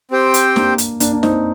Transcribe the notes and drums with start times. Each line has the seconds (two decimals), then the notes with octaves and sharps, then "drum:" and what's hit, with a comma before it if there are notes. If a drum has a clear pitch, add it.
0.11 C4 G4 C5 G5
0.34 drum: hi-hat
0.56 A#3 D4, drum: snare
0.78 drum: hi-hat
1.00 A#3 D4, drum: hi-hat
1.13 D4
1.23 C4 D#4, drum: snare